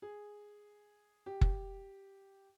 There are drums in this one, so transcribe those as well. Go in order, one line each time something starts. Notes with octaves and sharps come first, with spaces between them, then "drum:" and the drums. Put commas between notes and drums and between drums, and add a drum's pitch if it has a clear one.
G#4
G4
drum: kick F#1